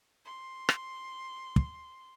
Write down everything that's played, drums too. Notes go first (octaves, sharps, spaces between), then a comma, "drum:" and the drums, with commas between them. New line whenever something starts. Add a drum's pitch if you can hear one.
C6
drum: rim click
drum: kick